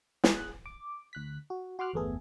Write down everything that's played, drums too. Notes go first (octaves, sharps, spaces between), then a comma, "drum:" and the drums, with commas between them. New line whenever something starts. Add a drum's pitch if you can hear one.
G#4 F#6, drum: snare
D6
D2 F#6 B6
F#4
F#4 C6 D6 F6 F#6
G1 E2 A3 B3 G#4 A4